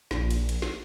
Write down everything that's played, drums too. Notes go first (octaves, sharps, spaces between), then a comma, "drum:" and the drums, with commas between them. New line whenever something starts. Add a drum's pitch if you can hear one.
A#1, drum: snare
drum: cymbal
drum: cymbal
drum: snare